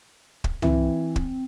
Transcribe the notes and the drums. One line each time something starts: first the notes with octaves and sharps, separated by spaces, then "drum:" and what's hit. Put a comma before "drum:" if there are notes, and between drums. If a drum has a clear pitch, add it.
drum: kick
E3 C4, drum: tom
drum: kick